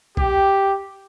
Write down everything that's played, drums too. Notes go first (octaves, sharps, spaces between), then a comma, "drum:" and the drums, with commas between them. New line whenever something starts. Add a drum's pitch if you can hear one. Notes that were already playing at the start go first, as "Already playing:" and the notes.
G4, drum: kick B1